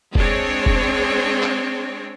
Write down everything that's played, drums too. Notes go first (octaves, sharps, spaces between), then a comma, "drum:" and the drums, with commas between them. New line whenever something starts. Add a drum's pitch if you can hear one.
G#3 C4 D4 G#4 C#5, drum: kick
drum: kick
drum: clap